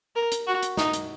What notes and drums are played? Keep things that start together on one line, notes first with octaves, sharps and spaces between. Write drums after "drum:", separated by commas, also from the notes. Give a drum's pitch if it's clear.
A#4
drum: hi-hat
F#4
drum: hi-hat
D#4, drum: snare
drum: hi-hat